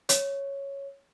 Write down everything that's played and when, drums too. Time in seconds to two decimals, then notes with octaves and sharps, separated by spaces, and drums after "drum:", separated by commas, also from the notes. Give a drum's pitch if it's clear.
0.09 C#5, drum: hi-hat